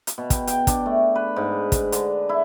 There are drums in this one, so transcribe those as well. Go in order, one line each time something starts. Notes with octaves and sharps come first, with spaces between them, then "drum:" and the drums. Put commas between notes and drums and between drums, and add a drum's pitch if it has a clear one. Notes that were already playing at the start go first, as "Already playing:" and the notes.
drum: hi-hat
B2
G5, drum: kick, hi-hat
G5, drum: hi-hat
D4, drum: kick, hi-hat
A3
B4
G#2
drum: kick, hi-hat
D3, drum: hi-hat
E4